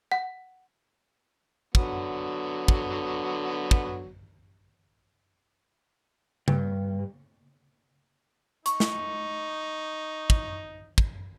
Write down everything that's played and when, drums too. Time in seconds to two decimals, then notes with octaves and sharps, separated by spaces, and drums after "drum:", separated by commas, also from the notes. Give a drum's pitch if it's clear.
0.12 F#5
1.75 D3 F#3 B3, drum: kick
2.68 drum: kick
3.71 drum: kick
6.48 G2, drum: tom C#3
8.66 D#4 C#6, drum: hi-hat
8.80 drum: snare
10.30 drum: kick
10.98 drum: kick